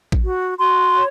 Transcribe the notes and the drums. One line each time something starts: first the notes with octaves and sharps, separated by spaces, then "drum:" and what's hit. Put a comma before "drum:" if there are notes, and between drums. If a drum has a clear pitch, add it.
drum: kick A1
F#4
F#4 C6
C#5